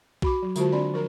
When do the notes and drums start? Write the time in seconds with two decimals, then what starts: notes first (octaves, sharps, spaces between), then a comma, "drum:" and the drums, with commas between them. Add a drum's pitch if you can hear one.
0.22 F#4 B5 D6, drum: kick B1
0.43 F#3
0.56 D3 G#3 F4 F#4 C5 A5, drum: tambourine
0.72 C4 D4 D5 B5 C6
0.94 F3 A#4 A#5